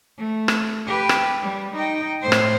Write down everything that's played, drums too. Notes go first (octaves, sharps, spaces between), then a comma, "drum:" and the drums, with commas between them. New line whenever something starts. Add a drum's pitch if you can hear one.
A3
drum: rim click
G4 B4
drum: rim click
G3
D#4 G5
A2 C5
drum: rim click